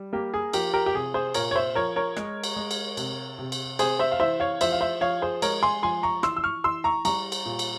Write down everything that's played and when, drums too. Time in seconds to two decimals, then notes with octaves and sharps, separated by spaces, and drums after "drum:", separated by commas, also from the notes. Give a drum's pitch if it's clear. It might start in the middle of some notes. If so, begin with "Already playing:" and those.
Already playing: G3
0.13 A#3 G4
0.34 G#4
0.53 F3 G4 A#4, drum: cymbal
0.74 G4 A#4
0.86 G4
0.94 C3 G#4
1.14 G#4 C5
1.34 A#2 A#4 C#5, drum: cymbal
1.51 C#5
1.56 C5 E5
1.75 F3 A#4 C#5
1.96 A#4 C#5
2.16 G#3, drum: rim click
2.44 drum: cymbal
2.56 G#3
2.71 drum: cymbal
2.97 C3, drum: cymbal
3.39 C3
3.52 drum: cymbal
3.79 C3 G#4 C5, drum: cymbal
3.99 C5 E5
4.12 F5
4.20 E3 C5 E5
4.40 C#5 F5
4.61 F3 C5 E5, drum: cymbal
4.72 F5
4.81 C5 E5
5.01 F3 C#5 F5
5.22 G#4 C5
5.42 G#3 A#4 C#5, drum: cymbal
5.63 G#5 C6
5.83 F3 G#5 C6
6.03 A#5 C#6
6.23 E3 C6 E6, drum: rim click
6.36 E6
6.44 C#6 F6
6.64 E3 C6 E6
6.84 A#5 C#6
7.05 G3 A#5 C#6, drum: cymbal
7.32 drum: cymbal
7.46 A#2
7.59 drum: cymbal